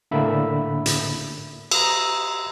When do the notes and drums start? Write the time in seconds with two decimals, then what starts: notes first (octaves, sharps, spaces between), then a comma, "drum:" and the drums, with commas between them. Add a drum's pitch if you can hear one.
0.11 A2 D3 A#3 E5 B5
0.86 drum: hi-hat
1.71 A#5 D#6 E6, drum: cymbal